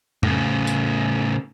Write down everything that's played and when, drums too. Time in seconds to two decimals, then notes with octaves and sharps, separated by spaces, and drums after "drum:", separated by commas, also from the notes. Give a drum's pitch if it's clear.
0.23 A2 C#3, drum: tom F2
0.67 drum: tambourine